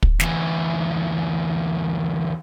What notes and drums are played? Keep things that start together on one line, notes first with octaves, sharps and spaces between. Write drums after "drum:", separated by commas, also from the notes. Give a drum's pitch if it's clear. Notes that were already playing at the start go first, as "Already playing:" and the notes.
drum: kick
D2 E3, drum: snare